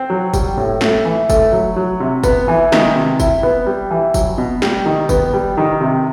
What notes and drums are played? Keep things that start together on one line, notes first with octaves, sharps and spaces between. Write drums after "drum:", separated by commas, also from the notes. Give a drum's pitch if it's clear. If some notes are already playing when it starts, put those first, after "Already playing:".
Already playing: C4
F#3
G3, drum: kick, tambourine
A2
A3, drum: snare
E3
A3, drum: kick, tambourine
F#3
F#3
C3
B3, drum: kick, tambourine
E3
D#3, drum: snare
C3
E4, drum: kick, tambourine
B3
G3
E3
F#3, drum: kick, tambourine
B2
G3, drum: snare
D#3
B3, drum: kick, tambourine
G3
D#3
C3